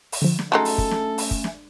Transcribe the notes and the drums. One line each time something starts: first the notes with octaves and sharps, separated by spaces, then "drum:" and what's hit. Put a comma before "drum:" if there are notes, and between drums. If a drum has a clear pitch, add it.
drum: open hi-hat
D3 F3
drum: snare
F#3 G#3 A3 C#4 D#4 A4
drum: open hi-hat
drum: kick
drum: snare
drum: open hi-hat
drum: kick
drum: snare